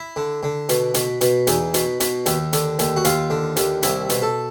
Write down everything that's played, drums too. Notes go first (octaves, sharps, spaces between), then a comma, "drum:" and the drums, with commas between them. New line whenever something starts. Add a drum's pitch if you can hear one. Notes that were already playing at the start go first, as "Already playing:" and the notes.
Already playing: E4
D3
D3
B2, drum: hi-hat
B2, drum: hi-hat
B2, drum: hi-hat
E2 D#4, drum: hi-hat
B2, drum: hi-hat
B2, drum: hi-hat
D#2, drum: hi-hat
D3, drum: hi-hat
D#2, drum: hi-hat
F#4
D#2 F4, drum: hi-hat
D3
D#2, drum: hi-hat
C2 E4, drum: hi-hat
B2, drum: hi-hat
A4